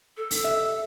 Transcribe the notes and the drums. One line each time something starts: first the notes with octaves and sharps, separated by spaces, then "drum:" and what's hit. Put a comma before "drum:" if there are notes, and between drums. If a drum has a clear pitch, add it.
A4
drum: open hi-hat
E5